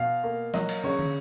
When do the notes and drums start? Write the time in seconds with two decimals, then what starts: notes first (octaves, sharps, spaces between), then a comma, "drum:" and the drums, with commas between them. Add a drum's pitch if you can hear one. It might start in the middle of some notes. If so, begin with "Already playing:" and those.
Already playing: B2 F5
0.23 A#3
0.54 F#3 D#5, drum: snare
0.69 drum: cymbal
0.83 C#3 C#5
0.99 drum: tom